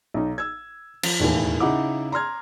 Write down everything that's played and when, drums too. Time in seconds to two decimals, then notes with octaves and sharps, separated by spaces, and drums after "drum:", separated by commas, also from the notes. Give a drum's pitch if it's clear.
0.14 B1 D#4
0.38 E6 G#6
1.03 F3, drum: cymbal
1.20 E1 D#2 A2 E3
1.60 C#3 D#4 E4 F#5 D6
2.12 A#5 C6 F6 G#6